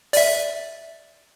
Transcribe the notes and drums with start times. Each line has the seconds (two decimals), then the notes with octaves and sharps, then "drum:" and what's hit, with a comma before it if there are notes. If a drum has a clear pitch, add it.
0.13 D5 E5, drum: open hi-hat